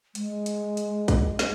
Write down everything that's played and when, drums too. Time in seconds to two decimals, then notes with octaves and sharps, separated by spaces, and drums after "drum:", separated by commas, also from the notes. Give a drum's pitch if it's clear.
0.15 G#3, drum: hi-hat
0.46 drum: hi-hat
0.77 drum: hi-hat
1.08 drum: kick, hi-hat
1.39 drum: snare